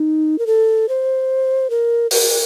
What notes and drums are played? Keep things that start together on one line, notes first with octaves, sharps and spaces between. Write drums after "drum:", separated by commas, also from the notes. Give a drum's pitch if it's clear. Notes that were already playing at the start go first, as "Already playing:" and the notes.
Already playing: D#4
A#4
A4
C5
A#4
A#4, drum: open hi-hat